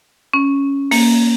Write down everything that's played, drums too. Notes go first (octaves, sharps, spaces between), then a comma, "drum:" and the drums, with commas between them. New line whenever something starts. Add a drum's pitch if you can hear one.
C#4
A#3, drum: open hi-hat